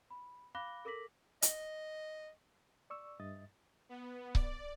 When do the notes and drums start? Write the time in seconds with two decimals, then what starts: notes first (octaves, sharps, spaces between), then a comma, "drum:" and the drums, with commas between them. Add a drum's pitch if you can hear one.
0.10 B5
0.55 F5 B5 D6 F#6 A#6 G7
0.85 A4 A#4 D6 A#6 B6 F#7
1.42 D#5, drum: hi-hat
2.90 D5 C#6 E6
3.20 G2 D#5 E5 A6
3.89 B3
4.35 D5, drum: kick C#1